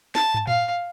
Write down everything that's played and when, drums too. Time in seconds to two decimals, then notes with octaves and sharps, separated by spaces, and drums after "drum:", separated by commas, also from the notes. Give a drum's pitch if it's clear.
0.15 A5, drum: snare
0.34 drum: tom
0.47 F5, drum: tom A2